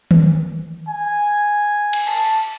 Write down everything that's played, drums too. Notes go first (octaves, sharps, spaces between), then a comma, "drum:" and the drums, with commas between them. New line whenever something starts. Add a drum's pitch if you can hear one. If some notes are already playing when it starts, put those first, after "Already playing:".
drum: tom D#3
G#5
drum: cymbal
A5, drum: cymbal